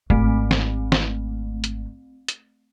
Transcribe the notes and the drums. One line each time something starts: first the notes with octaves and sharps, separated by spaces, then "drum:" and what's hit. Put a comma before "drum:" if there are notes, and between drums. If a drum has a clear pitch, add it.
G#1 A3 C4, drum: kick F#1
drum: snare
drum: snare
drum: hi-hat
drum: hi-hat